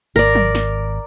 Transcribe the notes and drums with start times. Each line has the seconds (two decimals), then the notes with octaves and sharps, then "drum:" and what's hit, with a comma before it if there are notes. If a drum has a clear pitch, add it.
0.16 G#1 A#4 D5
0.35 drum: tom F3
0.55 drum: snare